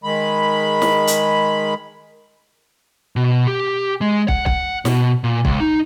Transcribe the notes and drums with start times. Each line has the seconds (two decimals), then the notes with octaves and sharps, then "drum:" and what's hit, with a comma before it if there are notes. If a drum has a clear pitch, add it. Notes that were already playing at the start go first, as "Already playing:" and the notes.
0.04 D#3 G#3 B5
0.82 drum: snare
1.07 drum: hi-hat
3.16 B2
3.47 G4
4.01 G#3
4.28 F#5, drum: kick
4.46 F#5, drum: kick
4.85 B2, drum: snare
5.24 A#2
5.45 C#2, drum: kick
5.60 D#4